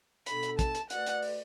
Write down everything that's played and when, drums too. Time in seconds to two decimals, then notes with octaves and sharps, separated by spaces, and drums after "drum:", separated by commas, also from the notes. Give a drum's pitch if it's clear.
0.26 B2 B3 D4 A4 B5, drum: hi-hat
0.43 drum: hi-hat
0.59 A5, drum: kick, hi-hat
0.75 drum: hi-hat
0.90 A3 F#4 B4 D5 F#5, drum: hi-hat
1.06 drum: hi-hat
1.22 drum: open hi-hat